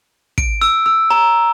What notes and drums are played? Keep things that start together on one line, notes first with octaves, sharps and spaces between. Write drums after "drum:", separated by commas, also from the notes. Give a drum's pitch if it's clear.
D7, drum: kick
E6
E6
A#5